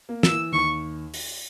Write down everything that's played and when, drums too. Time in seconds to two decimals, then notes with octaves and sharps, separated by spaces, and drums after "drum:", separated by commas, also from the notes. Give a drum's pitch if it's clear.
0.09 A#3
0.23 E6, drum: snare
0.31 E3
0.52 D#2 C#6
1.14 drum: open hi-hat